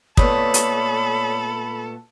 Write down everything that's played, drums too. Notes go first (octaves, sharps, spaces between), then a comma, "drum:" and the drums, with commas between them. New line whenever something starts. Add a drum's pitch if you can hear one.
A#2 A3 B3 A4 C#5 D5 B5 D#6, drum: kick
drum: hi-hat